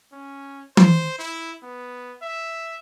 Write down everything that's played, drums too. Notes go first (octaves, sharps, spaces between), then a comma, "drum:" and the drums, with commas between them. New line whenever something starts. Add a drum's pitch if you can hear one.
C#4
C5, drum: tom
E4
B3
E5